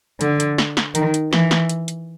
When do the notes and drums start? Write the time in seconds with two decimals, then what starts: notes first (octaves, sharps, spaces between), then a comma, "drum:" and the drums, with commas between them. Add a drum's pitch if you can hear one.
0.21 D3, drum: hi-hat
0.40 drum: hi-hat
0.58 drum: snare
0.77 drum: snare
0.95 D#3, drum: hi-hat
1.14 drum: hi-hat
1.33 E3, drum: snare
1.51 drum: snare
1.69 drum: hi-hat
1.88 drum: hi-hat